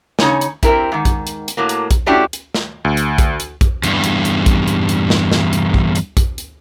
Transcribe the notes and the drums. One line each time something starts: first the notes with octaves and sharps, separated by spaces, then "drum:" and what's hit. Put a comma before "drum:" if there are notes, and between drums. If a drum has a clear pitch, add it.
C#3 D#4 C#5 G#5, drum: snare
drum: hi-hat
C4 E4 G4 A#4, drum: kick A#1, hi-hat
G#2 D#3
drum: kick A#1, hi-hat
drum: hi-hat
drum: hi-hat
A2 F#3 A#3
drum: hi-hat
drum: kick A#1, hi-hat
A3 C#4 D4 E4 F#4 G4
drum: hi-hat
drum: snare
D2
drum: hi-hat
drum: kick A#1, hi-hat
drum: hi-hat
drum: kick A#1, hi-hat
E2 G2, drum: hi-hat
drum: hi-hat
drum: hi-hat
drum: kick A#1, hi-hat
drum: hi-hat
drum: hi-hat
drum: snare
drum: snare
drum: hi-hat
drum: kick A#1
drum: hi-hat
drum: kick A#1, hi-hat
drum: hi-hat